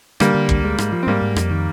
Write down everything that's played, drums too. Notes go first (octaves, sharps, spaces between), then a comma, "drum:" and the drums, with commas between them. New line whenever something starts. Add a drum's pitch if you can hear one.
D3 G3 A#3, drum: rim click
D3
D2, drum: kick
G#3
G#2, drum: rim click
F3
C4
G#2 G3 A#3
G#2
F2, drum: rim click
D#3